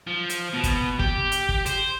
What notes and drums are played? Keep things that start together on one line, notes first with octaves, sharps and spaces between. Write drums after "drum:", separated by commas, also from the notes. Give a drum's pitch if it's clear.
F3
drum: hi-hat
B2
drum: kick, hi-hat
G4, drum: kick
drum: hi-hat
drum: kick
C5, drum: hi-hat